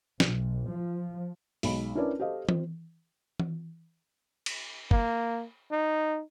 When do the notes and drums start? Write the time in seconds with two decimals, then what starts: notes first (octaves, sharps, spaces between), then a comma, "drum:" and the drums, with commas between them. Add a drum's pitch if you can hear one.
0.20 B1, drum: snare
0.69 F3
1.63 B1 G#3 B5, drum: open hi-hat
1.95 C#4 D4 E4 A#4 B4 D5
2.20 G4 A4 C5 D#5 F5
2.49 C4 F4 C5, drum: tom E3
3.40 drum: tom E3
4.46 drum: cymbal
4.91 A#3, drum: kick G1
5.71 D#4